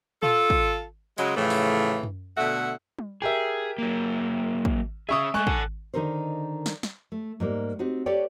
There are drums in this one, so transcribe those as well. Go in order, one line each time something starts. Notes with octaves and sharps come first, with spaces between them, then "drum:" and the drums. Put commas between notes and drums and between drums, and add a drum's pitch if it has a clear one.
F4 A4, drum: tom A#2
drum: kick
C#3 F#3 G#3, drum: hi-hat
A2 C#3 E3 F3 A3
drum: open hi-hat
drum: tom F#2
B2 D3 A3 E5 F#5
drum: tom G3
G4 G#4 A#4 E5
F#3 A#3
drum: kick
C#4 G#4 E5 C#6 D#6
G#3 A3 G#5 C#6 F#6
A4 F#5 A5, drum: kick
D3 D#3 D#4 A4 A#4 C5
drum: snare
drum: snare
A3
G#2 G3 A#3
C4 D#4 F#4 G4
G4 A4 B4 C#5 D5 G5